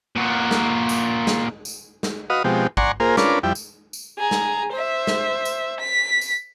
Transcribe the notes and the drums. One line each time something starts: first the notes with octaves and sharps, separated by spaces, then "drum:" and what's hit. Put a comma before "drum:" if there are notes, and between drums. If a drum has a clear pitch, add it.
A#2 F#4
drum: snare
drum: tambourine
drum: snare
drum: tambourine
drum: snare
F#4 B4 D#5 F5 D#6
B2 F3 G#3 C4 G4
D5 F#5 G#5 A#5 C6 C#6, drum: kick
A#3 F4 G#4 A#4 C5
C#4 D4 F4 A#4 B4 D6, drum: snare
F2 G3 E4 G5
drum: tambourine
drum: tambourine
G#4 A#5
drum: snare
C5 E5
drum: snare
drum: tambourine
B6
drum: tambourine